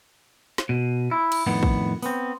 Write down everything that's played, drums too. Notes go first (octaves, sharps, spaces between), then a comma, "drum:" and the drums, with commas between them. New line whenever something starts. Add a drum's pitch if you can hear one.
drum: snare
B2
E4
drum: cymbal
F2 A2 D#3 B3
drum: kick
B3 C4, drum: open hi-hat